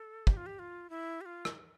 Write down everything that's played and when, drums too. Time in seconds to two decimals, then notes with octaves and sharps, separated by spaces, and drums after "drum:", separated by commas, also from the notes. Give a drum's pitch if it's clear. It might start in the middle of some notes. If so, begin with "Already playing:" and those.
Already playing: A4
0.27 G4, drum: kick
0.37 F4
0.46 G4
0.59 F4
0.90 E4
1.21 G4
1.26 F4
1.45 drum: rim click